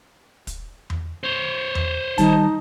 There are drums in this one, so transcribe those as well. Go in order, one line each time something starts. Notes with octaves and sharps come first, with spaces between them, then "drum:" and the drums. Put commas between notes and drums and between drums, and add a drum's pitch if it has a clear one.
drum: kick, hi-hat
drum: tom E2
C5 C#5
drum: tom E2
D#3 G3 D#4 A5, drum: kick, hi-hat